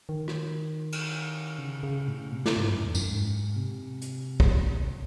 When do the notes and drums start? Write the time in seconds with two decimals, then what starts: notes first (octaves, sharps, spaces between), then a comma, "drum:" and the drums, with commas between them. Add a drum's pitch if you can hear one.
0.09 D#3
0.28 drum: rim click
0.92 drum: cymbal
1.58 C#3
1.83 C#3
2.08 A2
2.32 C3
2.46 drum: snare
2.57 G#2
2.70 F#2
2.82 E2
2.95 F#2, drum: tambourine
3.07 G#2
3.56 C3
4.02 drum: hi-hat
4.40 drum: kick